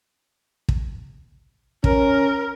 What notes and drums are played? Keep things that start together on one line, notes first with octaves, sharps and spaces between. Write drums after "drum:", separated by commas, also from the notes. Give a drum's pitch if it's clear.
drum: kick
C#4 A#4, drum: kick